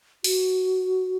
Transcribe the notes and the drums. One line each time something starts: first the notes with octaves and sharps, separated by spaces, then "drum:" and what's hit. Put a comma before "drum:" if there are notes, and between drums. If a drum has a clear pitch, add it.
F#4, drum: open hi-hat